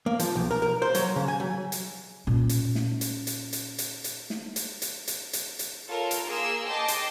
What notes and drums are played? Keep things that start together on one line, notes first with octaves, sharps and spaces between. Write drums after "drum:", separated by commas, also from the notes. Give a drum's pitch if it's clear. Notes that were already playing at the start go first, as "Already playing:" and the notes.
A#3
F3, drum: hi-hat
B1
A#4
A#4
C5
F#3, drum: hi-hat
C#3
G#5
F#3
drum: hi-hat
A#2 C#4
drum: hi-hat
drum: snare
drum: hi-hat
drum: hi-hat
drum: hi-hat
drum: hi-hat
drum: hi-hat
drum: snare
drum: hi-hat
drum: hi-hat
drum: hi-hat
drum: hi-hat
drum: hi-hat
F4 A4 A#4 C#5
drum: hi-hat
A#3 G#4 A#4 C6 E6
D#5 G5 A5 C6 D6
drum: hi-hat